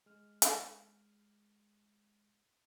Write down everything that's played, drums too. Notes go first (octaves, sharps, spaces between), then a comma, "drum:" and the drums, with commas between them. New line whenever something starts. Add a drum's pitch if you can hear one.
G#3 F6
drum: hi-hat